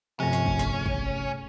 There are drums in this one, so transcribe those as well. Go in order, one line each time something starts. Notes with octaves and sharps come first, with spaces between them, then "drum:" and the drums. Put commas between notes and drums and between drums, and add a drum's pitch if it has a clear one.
G2 C3 F3 A3 C#4 G#4
drum: snare
drum: kick
drum: snare
drum: kick